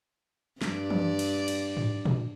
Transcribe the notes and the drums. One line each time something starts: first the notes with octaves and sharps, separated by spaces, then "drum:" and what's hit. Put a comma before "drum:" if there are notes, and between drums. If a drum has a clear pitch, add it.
G2 D5, drum: snare
drum: tom E3
drum: cymbal
drum: cymbal
drum: tom G#2
drum: tom A#2